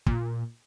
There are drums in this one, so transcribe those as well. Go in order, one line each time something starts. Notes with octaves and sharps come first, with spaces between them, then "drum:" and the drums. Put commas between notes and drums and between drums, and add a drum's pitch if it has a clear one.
A#2, drum: kick